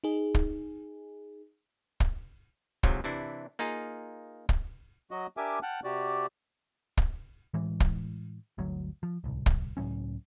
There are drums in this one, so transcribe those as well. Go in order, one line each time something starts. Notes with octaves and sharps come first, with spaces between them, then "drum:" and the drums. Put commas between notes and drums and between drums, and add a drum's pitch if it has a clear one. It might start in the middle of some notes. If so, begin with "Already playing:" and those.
D#4 G#4
drum: kick
drum: kick
G#2 C3 F3 F#3, drum: kick
C3 E3 D4 E4
A#3 D#4 F4 G#4
drum: kick
F#3 F#4 D#5
D4 G4 A#4 E5 G#5 D6
F#5 G5 A5 F6 F#6
C3 F#4 G4 D5
drum: kick
A2 E3 G#3
drum: kick
G1 D2 F#3
F3
D1 C2
drum: kick
C#2 A2 F#3 C#4